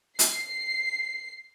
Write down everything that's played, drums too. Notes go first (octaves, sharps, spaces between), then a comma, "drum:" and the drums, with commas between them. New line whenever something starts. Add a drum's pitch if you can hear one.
C7, drum: hi-hat